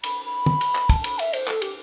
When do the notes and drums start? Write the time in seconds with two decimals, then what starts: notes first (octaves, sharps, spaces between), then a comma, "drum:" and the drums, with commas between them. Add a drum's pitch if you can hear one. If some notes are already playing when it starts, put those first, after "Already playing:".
0.04 B5, drum: cymbal
0.25 B5
0.46 drum: tom
0.61 drum: cymbal
0.75 drum: clap
0.89 A5, drum: kick, cymbal
1.04 B5, drum: cymbal
1.19 E5, drum: cymbal
1.33 C5, drum: cymbal
1.48 A4, drum: clap
1.62 G4, drum: cymbal